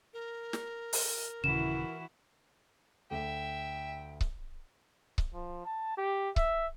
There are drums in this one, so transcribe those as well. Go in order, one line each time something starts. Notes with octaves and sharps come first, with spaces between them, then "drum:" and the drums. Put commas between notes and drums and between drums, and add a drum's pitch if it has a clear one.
A#4
drum: snare
drum: open hi-hat
D#1 C#3 E3 E4 F#4 E7
D2 E5 G5
drum: kick C#1
drum: kick C#1
F3
A5
G4
E5, drum: kick C#1